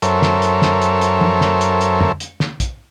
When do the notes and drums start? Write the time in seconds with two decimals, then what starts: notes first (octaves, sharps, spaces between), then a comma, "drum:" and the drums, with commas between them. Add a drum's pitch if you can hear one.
0.02 F#2 A4 A#4 C5 C#5 E5, drum: hi-hat
0.22 drum: snare
0.42 drum: hi-hat
0.62 drum: snare
0.82 drum: hi-hat
1.01 drum: hi-hat
1.21 drum: tom
1.41 drum: snare
1.61 drum: hi-hat
1.81 drum: hi-hat
2.01 drum: tom
2.20 drum: hi-hat
2.40 drum: snare
2.60 drum: kick, hi-hat